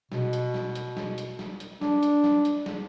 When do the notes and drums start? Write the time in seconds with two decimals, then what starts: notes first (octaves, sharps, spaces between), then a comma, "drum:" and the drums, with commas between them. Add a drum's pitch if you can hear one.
0.12 B2, drum: snare
0.33 drum: hi-hat
0.54 drum: snare
0.75 drum: hi-hat
0.97 drum: snare
1.18 drum: hi-hat
1.39 drum: snare
1.60 drum: hi-hat
1.81 D4, drum: snare
2.03 drum: hi-hat
2.24 drum: snare
2.45 drum: hi-hat
2.66 drum: snare